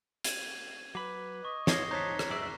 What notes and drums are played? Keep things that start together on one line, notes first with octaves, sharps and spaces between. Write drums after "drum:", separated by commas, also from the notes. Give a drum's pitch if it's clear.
G#6 D#7, drum: hi-hat
F#3 B4 B5 D6
D#5 C#6
C4 F4 C#5 A#6 C7 G7, drum: snare
C5 C#5 A5 A#5 F#6 B6
drum: rim click
F#2 G#3 D5 E5